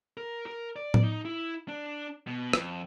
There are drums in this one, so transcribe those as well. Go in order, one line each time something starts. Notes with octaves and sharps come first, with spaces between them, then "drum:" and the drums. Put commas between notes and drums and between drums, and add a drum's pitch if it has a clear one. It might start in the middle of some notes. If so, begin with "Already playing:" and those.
A#4
A#4
D5
drum: tom A2
D#4
E4
D4
B2
F2, drum: rim click